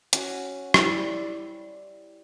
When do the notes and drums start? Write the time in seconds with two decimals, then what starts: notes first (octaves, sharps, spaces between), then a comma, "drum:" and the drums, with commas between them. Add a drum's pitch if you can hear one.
0.13 C#4 F#4 G#5, drum: hi-hat
0.74 G3 E4 C5 D5, drum: rim click